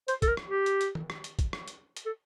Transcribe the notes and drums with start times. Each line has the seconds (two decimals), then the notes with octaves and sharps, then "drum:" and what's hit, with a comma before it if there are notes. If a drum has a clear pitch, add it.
0.08 C5, drum: hi-hat
0.22 A4, drum: kick, hi-hat
0.28 A#4
0.37 drum: rim click
0.47 G4
0.66 drum: hi-hat
0.81 drum: hi-hat
0.95 drum: tom D#3
1.10 drum: rim click
1.24 drum: hi-hat
1.39 drum: kick, hi-hat
1.53 drum: rim click
1.68 drum: hi-hat
1.97 drum: hi-hat
2.06 A4